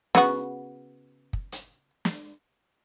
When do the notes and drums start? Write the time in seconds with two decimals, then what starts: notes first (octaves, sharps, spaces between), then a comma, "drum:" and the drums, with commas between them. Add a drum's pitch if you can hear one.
0.15 C#3 B3 F#4, drum: snare
1.33 drum: kick
1.52 drum: hi-hat
2.05 drum: snare